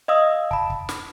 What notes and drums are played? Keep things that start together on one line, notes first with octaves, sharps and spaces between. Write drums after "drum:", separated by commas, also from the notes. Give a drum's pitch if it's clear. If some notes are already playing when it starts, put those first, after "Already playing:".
D#5 F5 D#6 E6
A5 B5, drum: kick
drum: kick
drum: snare